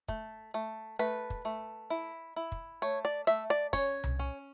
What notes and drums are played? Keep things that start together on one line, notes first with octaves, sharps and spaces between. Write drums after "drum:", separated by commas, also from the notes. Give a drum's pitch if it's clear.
A3, drum: kick
A3
A3 B4
drum: kick
A3
E4
E4
drum: kick
A3 C#5
D5
A3 E5
D5
C#4 C#5, drum: kick
drum: tom C2
C#4